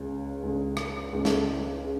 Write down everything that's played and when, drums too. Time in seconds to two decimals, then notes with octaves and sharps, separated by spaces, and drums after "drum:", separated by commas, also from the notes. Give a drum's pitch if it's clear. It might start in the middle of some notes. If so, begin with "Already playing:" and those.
Already playing: C#2 C#3 G#3
0.43 C#2 C#3 G#3
0.77 drum: rim click
1.13 C#2 C#3 G#3
1.25 drum: snare
1.84 C#3